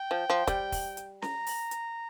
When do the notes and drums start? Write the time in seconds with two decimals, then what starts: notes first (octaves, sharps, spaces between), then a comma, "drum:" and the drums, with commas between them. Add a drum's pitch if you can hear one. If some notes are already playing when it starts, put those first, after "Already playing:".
Already playing: G5
0.11 F3
0.30 F3
0.47 G3, drum: kick, hi-hat
0.72 drum: kick, open hi-hat
0.97 drum: hi-hat
1.22 A#5, drum: snare C#4
1.46 drum: open hi-hat
1.71 drum: hi-hat